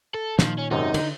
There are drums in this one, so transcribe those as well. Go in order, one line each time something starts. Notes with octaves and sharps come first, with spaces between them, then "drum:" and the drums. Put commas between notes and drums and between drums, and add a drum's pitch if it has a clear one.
A4
A#2 D#3 F3, drum: snare
C#4
G#1 F#2 C3 D#4
D3, drum: cymbal